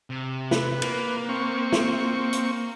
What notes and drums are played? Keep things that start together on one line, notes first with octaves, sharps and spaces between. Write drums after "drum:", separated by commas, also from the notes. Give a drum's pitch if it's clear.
C3
B4, drum: snare
A#3, drum: cymbal
C4 C#6
drum: snare
drum: hi-hat